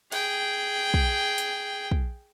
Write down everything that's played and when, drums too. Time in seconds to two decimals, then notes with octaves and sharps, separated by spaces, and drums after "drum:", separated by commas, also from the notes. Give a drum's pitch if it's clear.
0.12 G#4 G5, drum: cymbal
0.94 drum: kick
1.38 drum: hi-hat
1.91 drum: kick